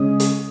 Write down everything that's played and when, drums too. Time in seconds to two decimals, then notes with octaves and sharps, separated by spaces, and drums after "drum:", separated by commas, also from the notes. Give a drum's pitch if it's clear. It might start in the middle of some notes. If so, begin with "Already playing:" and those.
Already playing: C#3 G#3 C#4 D#6
0.20 drum: hi-hat